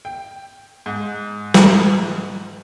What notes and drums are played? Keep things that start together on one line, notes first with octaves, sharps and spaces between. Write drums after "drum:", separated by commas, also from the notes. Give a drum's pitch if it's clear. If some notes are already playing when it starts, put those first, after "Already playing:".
G5
G#2
drum: snare